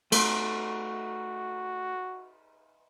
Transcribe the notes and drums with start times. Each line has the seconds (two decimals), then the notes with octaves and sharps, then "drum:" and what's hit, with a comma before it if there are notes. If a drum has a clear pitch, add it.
0.12 A3 F#4, drum: cymbal